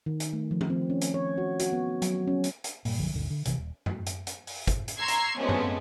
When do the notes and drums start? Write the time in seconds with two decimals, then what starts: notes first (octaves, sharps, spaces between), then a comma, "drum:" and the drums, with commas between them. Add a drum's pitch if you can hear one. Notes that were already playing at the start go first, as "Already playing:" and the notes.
0.06 D#3
0.20 drum: hi-hat
0.33 A3
0.51 F3
0.61 drum: tom E3
0.70 C4
0.90 C#4
1.01 drum: hi-hat
1.14 C#5
1.38 F#4
1.60 F#4, drum: hi-hat
1.73 B3
2.02 F#3, drum: hi-hat
2.28 C#4
2.44 drum: hi-hat
2.64 drum: hi-hat
2.85 G2 A#2, drum: open hi-hat
2.98 F#1 B1 D3 F3
3.13 G1 D2 A#2 D3
3.30 D3
3.45 A#1 C3 E3, drum: hi-hat
3.58 D#1
3.86 drum: tom F#2
4.06 drum: hi-hat
4.27 drum: hi-hat
4.47 drum: open hi-hat
4.67 drum: kick, hi-hat
4.88 drum: hi-hat
4.98 A#5 C6 C#6 E6 G#6 C7
5.08 drum: hi-hat
5.37 F2 C3 G#3 A3 B3 C#4
5.49 drum: tom F#2